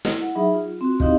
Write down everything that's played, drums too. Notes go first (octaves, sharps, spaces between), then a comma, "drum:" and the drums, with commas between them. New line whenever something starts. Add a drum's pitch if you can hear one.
E4, drum: snare
F#5
F#3 D#4 G#4 E5 B5
F4
C4 F#4
C4 D#4 E4 G4 D#5 F5, drum: kick